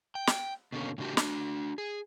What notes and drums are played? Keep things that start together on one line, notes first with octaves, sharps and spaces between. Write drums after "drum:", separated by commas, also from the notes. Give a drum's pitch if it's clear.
G5
drum: snare
B2 D3 A#3 C#4
A2 C#3 D4 F#4 G4
D4 F#4, drum: snare
G#4